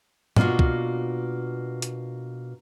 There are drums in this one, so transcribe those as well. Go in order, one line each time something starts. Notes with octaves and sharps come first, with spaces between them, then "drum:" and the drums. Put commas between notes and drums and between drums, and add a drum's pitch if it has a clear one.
B2 A#3 D4 F4 F#4, drum: tom G#2
drum: kick C2
drum: hi-hat